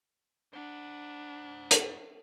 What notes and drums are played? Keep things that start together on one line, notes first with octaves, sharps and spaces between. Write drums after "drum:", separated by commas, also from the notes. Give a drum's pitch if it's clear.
D4 C5 F#5
drum: hi-hat